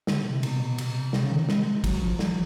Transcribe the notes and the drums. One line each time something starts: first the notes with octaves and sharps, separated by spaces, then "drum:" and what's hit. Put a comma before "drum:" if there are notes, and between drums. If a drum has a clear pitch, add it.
D3, drum: snare
C3
B2, drum: cymbal
B2
C3, drum: cymbal
C3, drum: snare
C#3
D#3
G#3, drum: snare
F#3, drum: kick, cymbal
F3
E3, drum: snare